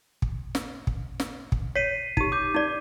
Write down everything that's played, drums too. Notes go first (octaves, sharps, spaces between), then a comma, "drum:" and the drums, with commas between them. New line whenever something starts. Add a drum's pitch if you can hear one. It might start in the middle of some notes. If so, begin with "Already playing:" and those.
drum: kick
drum: snare
drum: kick
drum: snare
drum: kick
C#5 B6 C7 D#7
D#4 G4 D#7, drum: kick
D6 G6
D#4 D5